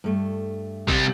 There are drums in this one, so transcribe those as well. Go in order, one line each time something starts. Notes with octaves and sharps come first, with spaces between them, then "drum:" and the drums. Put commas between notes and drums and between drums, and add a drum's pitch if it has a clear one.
G2 A3
C3 G3, drum: kick A1